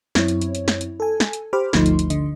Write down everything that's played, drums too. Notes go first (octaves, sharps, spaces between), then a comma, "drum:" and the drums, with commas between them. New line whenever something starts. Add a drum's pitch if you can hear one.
F#2 C4 E4 C#5, drum: snare
drum: hi-hat
drum: hi-hat
drum: hi-hat
drum: snare
drum: hi-hat
A4 G#5
drum: snare
drum: hi-hat
G4 C5 B5 D6 F6
G1 D2 F3 A3 D#4 C6, drum: snare
drum: hi-hat
drum: hi-hat
D3 D#5, drum: hi-hat